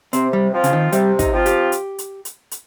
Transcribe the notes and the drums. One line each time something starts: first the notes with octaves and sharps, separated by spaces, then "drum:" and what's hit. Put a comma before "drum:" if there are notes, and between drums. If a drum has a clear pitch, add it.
C3 C4, drum: hi-hat
G3
F3 C4 F4
C#3, drum: hi-hat
D#3
C3 G3, drum: hi-hat
D#4, drum: kick, hi-hat
F3 C4 F4
G4, drum: hi-hat
drum: hi-hat
drum: hi-hat
drum: hi-hat
drum: hi-hat